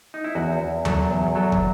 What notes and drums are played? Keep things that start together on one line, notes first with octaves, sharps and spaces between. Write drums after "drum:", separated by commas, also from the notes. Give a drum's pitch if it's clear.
D#4
E4
E2 F#4
E2
F#3 A4, drum: tom D#2
E2
F#3 A4
drum: kick